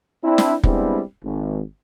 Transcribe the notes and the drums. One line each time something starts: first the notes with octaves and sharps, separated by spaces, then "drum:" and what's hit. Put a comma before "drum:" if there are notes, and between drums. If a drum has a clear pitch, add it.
C4 D4 E4
drum: snare
G3 G#3 B3 C4 D4 E4, drum: kick
G#1